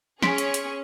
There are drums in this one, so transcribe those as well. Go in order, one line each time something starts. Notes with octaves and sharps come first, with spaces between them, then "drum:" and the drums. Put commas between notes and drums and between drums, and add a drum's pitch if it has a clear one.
C#4 G#4 C#5 C6 C#6 B6 D7, drum: snare
drum: hi-hat
drum: hi-hat